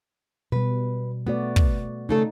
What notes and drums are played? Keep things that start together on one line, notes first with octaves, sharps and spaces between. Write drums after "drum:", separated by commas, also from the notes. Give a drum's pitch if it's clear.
B2 G3 B4
A3 B3 F#4 D5
drum: kick
C#3 A3 D#4 A4